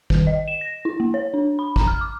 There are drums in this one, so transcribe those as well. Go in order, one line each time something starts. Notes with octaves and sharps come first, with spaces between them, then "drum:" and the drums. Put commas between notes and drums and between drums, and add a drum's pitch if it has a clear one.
D#3, drum: kick A1
D#5
E7
A#6
E4
A#3
C#5
D4
B5
A#5, drum: kick A1
F6
D6